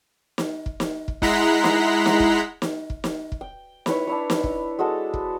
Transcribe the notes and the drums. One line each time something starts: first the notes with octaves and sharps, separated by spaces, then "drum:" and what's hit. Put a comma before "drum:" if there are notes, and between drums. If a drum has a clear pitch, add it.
drum: snare
drum: kick
drum: snare
drum: kick
G#3 E4 F#5 A#5 C6 B6, drum: kick
drum: snare
drum: snare
drum: kick
drum: snare
drum: kick
drum: snare
drum: kick
G5
E4 B4 C#5, drum: snare
D4 E4 C#5
drum: snare
drum: kick
G#3 F#4 A4
drum: kick